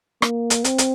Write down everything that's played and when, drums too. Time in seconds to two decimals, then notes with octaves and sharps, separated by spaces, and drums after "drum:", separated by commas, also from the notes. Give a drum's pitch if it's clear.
0.22 A#3, drum: rim click
0.50 drum: hi-hat
0.64 C4, drum: hi-hat
0.78 drum: hi-hat